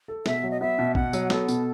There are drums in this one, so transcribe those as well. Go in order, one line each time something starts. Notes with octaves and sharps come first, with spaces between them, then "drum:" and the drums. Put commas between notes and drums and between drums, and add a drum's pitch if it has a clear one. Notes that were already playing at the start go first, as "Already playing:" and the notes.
A4
B2 E5, drum: snare
F#3
D#5
B3 E5
B2
B2 F#5, drum: kick A1
F#3, drum: tambourine
B3 A4, drum: snare
B2, drum: tambourine